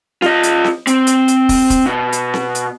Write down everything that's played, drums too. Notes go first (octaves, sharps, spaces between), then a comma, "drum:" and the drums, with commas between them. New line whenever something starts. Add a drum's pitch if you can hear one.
F4 D#5, drum: snare C4
drum: hi-hat
drum: snare C4
C4, drum: hi-hat
drum: hi-hat
drum: hi-hat
drum: kick, open hi-hat
drum: kick, hi-hat
B2
drum: hi-hat
drum: snare C4
drum: hi-hat